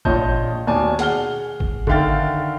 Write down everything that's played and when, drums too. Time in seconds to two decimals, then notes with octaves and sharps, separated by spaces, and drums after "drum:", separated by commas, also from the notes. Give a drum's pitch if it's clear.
0.05 A#1 A#2 C#5 D#5 A5 G6, drum: kick G#1
0.67 D#2 B2 D5 G#5 A5
0.99 G#4 F#5 F6 G7, drum: hi-hat
1.60 drum: kick G#1
1.87 D3 D#3 E5 F5 G5 A6, drum: kick G#1